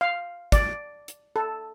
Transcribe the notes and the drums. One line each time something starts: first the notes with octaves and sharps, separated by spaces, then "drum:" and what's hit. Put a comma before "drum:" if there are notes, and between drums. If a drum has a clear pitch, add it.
F5
D5, drum: kick, hi-hat
drum: hi-hat
A4